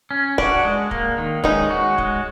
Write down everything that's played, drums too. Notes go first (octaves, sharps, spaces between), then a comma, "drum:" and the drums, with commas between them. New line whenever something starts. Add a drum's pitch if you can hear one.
C#4
D4 F#4, drum: kick
G#3
A#3, drum: kick
D#3
G#3 C#4 D#4, drum: kick
F#4
G#3, drum: kick